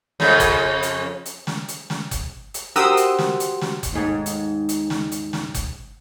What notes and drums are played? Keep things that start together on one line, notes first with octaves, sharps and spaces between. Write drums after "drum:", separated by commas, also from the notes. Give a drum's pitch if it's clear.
F2 C#3, drum: snare
drum: kick F#1, hi-hat
drum: hi-hat
drum: hi-hat
drum: snare
drum: hi-hat
drum: snare
drum: kick F#1, hi-hat
drum: hi-hat
F#4 G4 A#4 C5 D#6 E6
drum: hi-hat
drum: snare
drum: hi-hat
drum: snare
drum: kick F#1, hi-hat
D#2 G#2
drum: hi-hat
drum: hi-hat
drum: snare
drum: hi-hat
drum: snare
drum: kick F#1, hi-hat